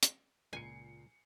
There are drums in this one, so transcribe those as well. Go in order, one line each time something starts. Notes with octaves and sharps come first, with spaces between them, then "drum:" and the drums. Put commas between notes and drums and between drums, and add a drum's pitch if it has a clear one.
drum: hi-hat
C#2 A#2 G#5 C7 C#7